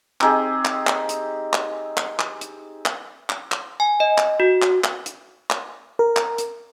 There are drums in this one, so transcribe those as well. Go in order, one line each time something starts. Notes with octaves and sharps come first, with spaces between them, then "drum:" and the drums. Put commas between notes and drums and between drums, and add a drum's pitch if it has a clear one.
C4 D#4 G4 G#4, drum: clap
drum: clap
drum: clap
drum: hi-hat
drum: clap
drum: clap
drum: clap
drum: hi-hat
drum: clap
drum: clap
drum: clap
G#5
D#5
drum: clap
F#4
drum: clap
drum: clap
drum: hi-hat
drum: clap
A#4
drum: clap
drum: hi-hat